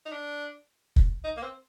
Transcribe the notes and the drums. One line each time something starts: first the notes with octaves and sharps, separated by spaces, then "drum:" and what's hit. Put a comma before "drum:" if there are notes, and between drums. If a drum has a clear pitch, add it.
D#4
D4
drum: kick
D#4
A#3
C4